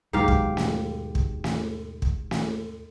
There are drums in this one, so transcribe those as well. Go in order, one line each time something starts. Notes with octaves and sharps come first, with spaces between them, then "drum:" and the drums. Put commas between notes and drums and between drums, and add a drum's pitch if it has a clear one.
D#2 G#2 B2 F#3 G4 F5
drum: kick
drum: snare
drum: kick
drum: snare
drum: kick
drum: snare